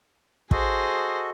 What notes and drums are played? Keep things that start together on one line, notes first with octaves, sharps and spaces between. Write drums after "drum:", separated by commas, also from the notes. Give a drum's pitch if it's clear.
F#4 G#4 A4 C5 D#5, drum: kick